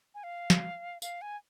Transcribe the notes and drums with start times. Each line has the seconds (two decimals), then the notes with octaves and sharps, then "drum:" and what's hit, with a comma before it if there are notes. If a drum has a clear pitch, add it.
0.15 G#5
0.24 F5
0.50 drum: snare
1.02 F5, drum: tambourine
1.22 G#5